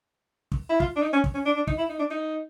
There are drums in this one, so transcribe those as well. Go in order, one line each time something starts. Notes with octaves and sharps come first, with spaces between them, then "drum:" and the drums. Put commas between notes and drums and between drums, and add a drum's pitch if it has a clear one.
drum: kick
E4
F4, drum: kick
D4
D#4
C#4
drum: kick
C#4
D4
D4
D#4, drum: kick
E4
D#4
D4
D#4